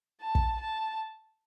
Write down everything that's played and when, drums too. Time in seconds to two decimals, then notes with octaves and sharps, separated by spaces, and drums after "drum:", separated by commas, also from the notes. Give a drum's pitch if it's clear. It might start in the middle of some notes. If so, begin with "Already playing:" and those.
0.21 A5
0.35 drum: kick
0.60 A5